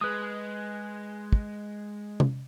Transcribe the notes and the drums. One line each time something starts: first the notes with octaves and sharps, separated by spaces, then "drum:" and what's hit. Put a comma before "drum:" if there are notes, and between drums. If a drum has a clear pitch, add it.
G#3 B4 D#6
drum: kick
drum: tom